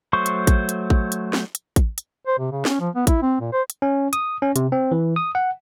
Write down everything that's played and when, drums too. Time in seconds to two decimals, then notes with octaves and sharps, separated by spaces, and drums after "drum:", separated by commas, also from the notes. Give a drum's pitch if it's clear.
0.13 F#3 A3 C5 C#6
0.26 drum: hi-hat
0.47 drum: kick A1, hi-hat
0.69 drum: hi-hat
0.90 drum: kick A1
1.12 drum: hi-hat
1.33 drum: snare
1.55 drum: hi-hat
1.76 drum: kick A1, hi-hat
1.98 drum: hi-hat
2.27 C5
2.39 C3
2.51 C#3
2.65 C#4, drum: snare
2.80 F3
2.95 B3
3.07 E4, drum: kick A1, hi-hat
3.22 C4
3.40 A#2
3.53 C5
3.70 drum: hi-hat
3.82 C#4
4.13 D#6, drum: hi-hat
4.42 C#4
4.56 C3, drum: hi-hat
4.72 C4
4.91 E3
5.16 D#6
5.35 F#5